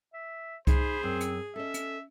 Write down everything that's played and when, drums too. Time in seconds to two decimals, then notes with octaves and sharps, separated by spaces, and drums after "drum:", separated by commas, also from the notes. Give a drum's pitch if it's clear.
0.14 E5
0.67 D#4 G#4 C5 B5, drum: kick C2, hi-hat
1.03 F#2 C4
1.21 drum: hi-hat
1.56 C#4 A4 D#5 E5
1.74 drum: hi-hat